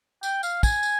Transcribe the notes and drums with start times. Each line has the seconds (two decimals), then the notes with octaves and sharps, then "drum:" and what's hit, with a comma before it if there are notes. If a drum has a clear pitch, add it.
0.23 G5, drum: tambourine
0.43 F5, drum: tambourine
0.63 G#5, drum: kick, tambourine
0.83 drum: tambourine